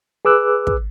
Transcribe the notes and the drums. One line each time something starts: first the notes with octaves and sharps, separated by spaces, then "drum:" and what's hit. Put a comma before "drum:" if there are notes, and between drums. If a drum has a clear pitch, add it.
G#4 B4 D6 E6 F#6
drum: kick